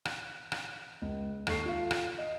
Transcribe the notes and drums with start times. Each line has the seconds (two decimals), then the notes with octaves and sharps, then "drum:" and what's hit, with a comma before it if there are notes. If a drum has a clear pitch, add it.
0.05 F#6, drum: rim click
0.52 drum: rim click
1.02 C#2
1.47 D#2 A4 C#6 C7, drum: rim click
1.66 F4 F5
1.91 drum: rim click
2.18 D#5